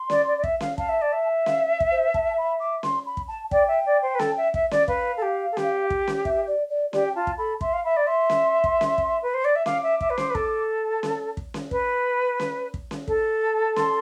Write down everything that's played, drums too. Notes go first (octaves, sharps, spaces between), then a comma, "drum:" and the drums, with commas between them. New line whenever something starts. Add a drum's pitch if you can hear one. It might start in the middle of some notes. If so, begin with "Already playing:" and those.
Already playing: C6
D5, drum: snare C#4
D5
D5
E5, drum: kick
F5, drum: snare C#4
F5 A5, drum: kick
E5
D5
E5
F5, drum: snare C#4
drum: kick
C5
A5, drum: kick
B5
D6
C6, drum: snare C#4
B5
drum: kick
A5
D5 G5, drum: kick
E5
D5
C5
B4
A4, drum: snare C#4
E5
E5, drum: kick
D5, drum: snare C#4
B4 F5, drum: kick
A4
G4
A4
G4, drum: snare C#4
drum: kick
drum: snare C#4
E5, drum: kick
D5
D5
G4 D5, drum: snare C#4
G5
F4 A5
drum: kick
A4 B5
E5 C6, drum: kick
F5
E5 B5
D5
E5 C6
drum: snare C#4
drum: kick
drum: snare C#4
drum: kick
B4
C5
D5
E5
F5 D6, drum: snare C#4
E5
E5, drum: kick
B4
C5, drum: snare C#4
B4
A4, drum: kick
drum: snare C#4
drum: kick
drum: snare C#4
B4, drum: kick
drum: snare C#4
drum: kick
drum: snare C#4
A4, drum: kick
C6, drum: snare C#4